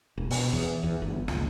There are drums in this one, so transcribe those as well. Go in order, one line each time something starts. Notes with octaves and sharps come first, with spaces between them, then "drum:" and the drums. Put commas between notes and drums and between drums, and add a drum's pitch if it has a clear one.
E1
B2, drum: open hi-hat
E2
E2
G1
C#2, drum: snare